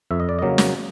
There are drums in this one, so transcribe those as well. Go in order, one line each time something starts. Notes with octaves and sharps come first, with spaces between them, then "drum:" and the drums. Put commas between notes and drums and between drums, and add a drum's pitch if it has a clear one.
F2 E5
D#5
D5
C#3 F#3 A#3 D#5
drum: snare